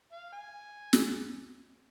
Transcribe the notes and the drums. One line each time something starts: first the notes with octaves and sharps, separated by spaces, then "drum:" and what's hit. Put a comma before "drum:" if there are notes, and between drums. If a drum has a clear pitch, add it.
F5
G#5
drum: snare